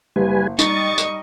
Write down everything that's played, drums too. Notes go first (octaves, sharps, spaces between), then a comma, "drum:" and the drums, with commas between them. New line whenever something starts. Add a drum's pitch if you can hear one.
F#1 G3 B4 G#5
G3 D#4 D#5 C#6 A6, drum: tambourine
drum: tambourine